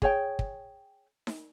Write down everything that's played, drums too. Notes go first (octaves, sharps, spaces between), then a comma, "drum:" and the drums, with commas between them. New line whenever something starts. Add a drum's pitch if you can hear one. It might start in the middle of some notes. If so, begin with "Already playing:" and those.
G#4 C#5 G5, drum: kick
drum: kick
drum: snare D#4